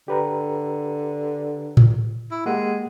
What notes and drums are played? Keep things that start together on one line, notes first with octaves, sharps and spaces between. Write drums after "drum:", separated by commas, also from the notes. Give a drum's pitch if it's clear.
D3 G4 B4 A#5
drum: tom A2
E4
G#3 A#3 G4 F#5